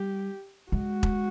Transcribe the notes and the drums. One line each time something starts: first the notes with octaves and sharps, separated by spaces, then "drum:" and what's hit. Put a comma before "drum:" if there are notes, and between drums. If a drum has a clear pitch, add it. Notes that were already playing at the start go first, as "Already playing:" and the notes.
Already playing: G3 G4
G#3 F#4
drum: kick E1